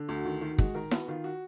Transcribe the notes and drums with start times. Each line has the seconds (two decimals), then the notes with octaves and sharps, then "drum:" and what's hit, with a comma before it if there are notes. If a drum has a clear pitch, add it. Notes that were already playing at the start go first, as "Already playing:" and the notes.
Already playing: D3
0.08 D2 F#4
0.25 D#3
0.41 D#3
0.58 G#3 F#4, drum: kick
0.75 D#3 A#4
0.91 B3 F#4, drum: snare E4
1.08 D#3 F4
1.24 F#4